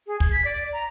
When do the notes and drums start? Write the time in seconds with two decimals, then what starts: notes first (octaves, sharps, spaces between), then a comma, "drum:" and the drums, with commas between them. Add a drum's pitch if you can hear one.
0.07 G#4
0.20 G#6, drum: kick
0.32 B6
0.45 D5
0.73 A#5